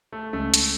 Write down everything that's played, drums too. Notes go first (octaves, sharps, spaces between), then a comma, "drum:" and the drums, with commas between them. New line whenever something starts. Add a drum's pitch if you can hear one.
A3
C#2 C#3 G#3 A3 C#4
drum: hi-hat